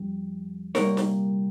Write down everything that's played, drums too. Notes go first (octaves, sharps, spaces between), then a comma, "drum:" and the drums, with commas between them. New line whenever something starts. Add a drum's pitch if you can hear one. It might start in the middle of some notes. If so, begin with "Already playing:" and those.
Already playing: F2 G3
C2 A#2 G3 A#3 A#4 C#5, drum: snare
drum: snare